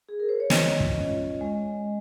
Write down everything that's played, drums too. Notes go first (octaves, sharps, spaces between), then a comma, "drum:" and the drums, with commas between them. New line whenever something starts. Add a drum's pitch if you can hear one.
G#4
A#4
C5
C#5
G#3 D#5, drum: snare
drum: kick
C#4 F4
G#3